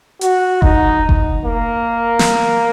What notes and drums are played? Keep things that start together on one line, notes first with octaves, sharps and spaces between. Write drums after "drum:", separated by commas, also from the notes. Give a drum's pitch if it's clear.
F#4, drum: hi-hat
D#4, drum: kick F1
drum: kick F1
A#3
drum: snare